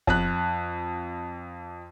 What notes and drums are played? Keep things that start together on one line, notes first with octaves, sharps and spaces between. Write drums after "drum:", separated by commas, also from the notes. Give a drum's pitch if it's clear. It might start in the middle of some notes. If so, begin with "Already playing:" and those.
F2 A5 F#6, drum: kick